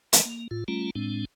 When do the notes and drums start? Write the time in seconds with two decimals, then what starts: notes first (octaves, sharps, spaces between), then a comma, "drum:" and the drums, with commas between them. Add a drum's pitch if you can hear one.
0.13 E3 A3 A4 D#5, drum: hi-hat
0.25 A#3
0.51 A2 F4
0.68 G3 A3 C#4 F4 A#5
0.95 A2 G#3 C4 D4